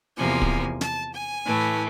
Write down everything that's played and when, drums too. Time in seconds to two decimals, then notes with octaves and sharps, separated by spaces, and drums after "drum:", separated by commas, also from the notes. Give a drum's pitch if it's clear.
0.17 E2 C3 F3 A#3 G#5
0.42 drum: kick
0.81 A5, drum: snare
1.13 G#5
1.45 A2 E3 A3